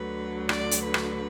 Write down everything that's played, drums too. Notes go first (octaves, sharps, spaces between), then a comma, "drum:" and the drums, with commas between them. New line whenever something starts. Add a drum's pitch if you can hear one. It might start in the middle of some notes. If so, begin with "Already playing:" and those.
Already playing: D2 D3 F#3 B4
D5, drum: rim click
drum: hi-hat
B4
drum: rim click